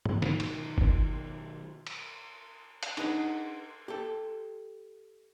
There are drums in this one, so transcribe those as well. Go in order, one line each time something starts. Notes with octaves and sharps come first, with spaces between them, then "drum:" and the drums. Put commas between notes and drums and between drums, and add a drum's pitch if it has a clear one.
drum: tom
B2 D#3 F#3, drum: snare
drum: cymbal
drum: kick F#1
drum: cymbal
drum: hi-hat
D4 D#4 G#4 B4 E5 F#5, drum: cymbal
G4 A4